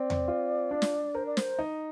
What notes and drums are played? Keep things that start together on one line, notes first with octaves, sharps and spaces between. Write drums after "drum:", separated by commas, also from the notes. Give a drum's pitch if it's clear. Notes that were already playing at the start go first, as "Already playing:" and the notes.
Already playing: C4 D5
drum: tom E2
F4
D4
drum: snare
A#4 C5
D5
C5, drum: snare
D#4